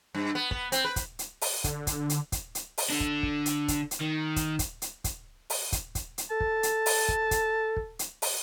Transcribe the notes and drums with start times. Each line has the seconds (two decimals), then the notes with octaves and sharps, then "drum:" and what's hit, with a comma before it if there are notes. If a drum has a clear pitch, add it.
0.15 G2
0.35 B3
0.51 B3, drum: kick
0.72 C4, drum: hi-hat
0.84 B4
0.96 drum: kick, hi-hat
1.19 drum: hi-hat
1.41 drum: open hi-hat
1.64 D3, drum: kick, hi-hat
1.87 drum: kick, hi-hat
2.10 drum: hi-hat
2.32 drum: kick, hi-hat
2.55 drum: hi-hat
2.78 drum: open hi-hat
2.90 D3 D4
3.00 drum: kick
3.23 drum: kick
3.46 drum: hi-hat
3.68 drum: kick, hi-hat
3.91 drum: hi-hat
4.01 D#3
4.36 drum: kick, hi-hat
4.59 drum: kick, hi-hat
4.82 drum: hi-hat
5.04 drum: kick, hi-hat
5.50 drum: open hi-hat
5.72 drum: kick, hi-hat
5.95 drum: kick, hi-hat
6.18 drum: hi-hat
6.30 A4 A5
6.40 drum: kick
6.63 drum: hi-hat
6.86 drum: open hi-hat
7.08 drum: kick
7.31 drum: kick, hi-hat
7.77 drum: kick
7.99 drum: hi-hat
8.22 drum: open hi-hat